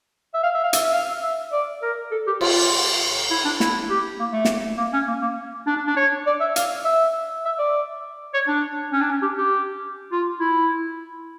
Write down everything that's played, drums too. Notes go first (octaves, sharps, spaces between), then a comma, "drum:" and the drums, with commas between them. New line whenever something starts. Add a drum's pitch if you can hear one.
E5
F5
E5
F5
E5, drum: hi-hat
E5
F5
E5
D5
A#4
A4
G4
F4, drum: cymbal
E4
D4
E4, drum: snare
G4
A#3
A3
drum: snare
A#3
C#4
A#3
A#3
D4
D4
D4
C#5
D5
E5
F5, drum: hi-hat
E5
E5
D5
C#5
D4
C#4
D4
C#4
G4
G4
F4
E4